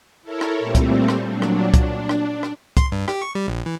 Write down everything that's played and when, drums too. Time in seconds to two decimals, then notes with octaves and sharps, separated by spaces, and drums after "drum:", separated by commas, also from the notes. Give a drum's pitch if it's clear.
0.22 E4 A4 A#4 C#5
0.41 drum: rim click
0.59 A#2 G3 A3 C4
0.75 drum: kick, hi-hat
1.08 drum: rim click
1.27 A#2 F#3 D4
1.42 drum: rim click
1.74 D4, drum: kick, hi-hat
2.09 drum: rim click
2.43 drum: rim click
2.77 C6, drum: kick, hi-hat
2.92 G2
3.08 G4, drum: rim click
3.22 C#6
3.35 G3
3.48 A#1
3.66 E3